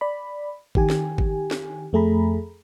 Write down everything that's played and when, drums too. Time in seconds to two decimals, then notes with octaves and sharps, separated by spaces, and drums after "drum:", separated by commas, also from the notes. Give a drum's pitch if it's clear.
0.01 D5 B5
0.75 D#3 G4 G#5, drum: kick G#1
0.90 drum: snare
1.18 drum: kick G#1
1.51 drum: snare
1.93 F2 A3 G#4 A#5 B5